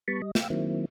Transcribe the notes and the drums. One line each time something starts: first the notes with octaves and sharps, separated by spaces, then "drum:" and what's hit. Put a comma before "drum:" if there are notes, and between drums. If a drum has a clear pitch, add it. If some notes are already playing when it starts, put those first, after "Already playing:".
G3 B3 A5 B5 C#6
G3 D#5
F5 G5 E6, drum: snare
D#3 F#3 A#3 C4 E4